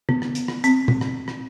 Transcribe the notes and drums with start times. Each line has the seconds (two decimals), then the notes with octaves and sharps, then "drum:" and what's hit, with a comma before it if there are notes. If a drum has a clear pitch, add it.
0.09 B3, drum: tom
0.22 drum: rim click
0.35 drum: hi-hat
0.48 drum: rim click
0.64 C4, drum: hi-hat
0.88 drum: tom
1.01 drum: rim click
1.28 drum: rim click